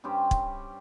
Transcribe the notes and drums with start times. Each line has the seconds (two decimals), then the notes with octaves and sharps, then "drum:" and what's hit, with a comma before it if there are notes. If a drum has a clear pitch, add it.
0.04 G2 C#4 G4 C5
0.31 drum: kick